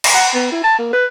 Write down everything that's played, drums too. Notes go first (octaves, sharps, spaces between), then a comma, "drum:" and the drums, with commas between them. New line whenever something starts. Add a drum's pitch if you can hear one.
drum: cymbal
F#5
B3
E4
A5
A#3
B4